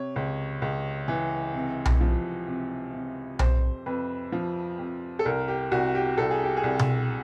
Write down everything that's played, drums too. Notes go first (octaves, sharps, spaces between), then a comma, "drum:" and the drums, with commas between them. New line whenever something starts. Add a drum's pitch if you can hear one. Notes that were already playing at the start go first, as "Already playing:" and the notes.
Already playing: C3 C#5
C#2
C#2
E3
C3
drum: tom B1
F3
C3
C3
F2 C5, drum: tom B1
F2 B4
F3
F2
A4
C2 A#4
G4
C2 F#4
G4
C2 A4
G#4
G4
G#4
C2
drum: tom B2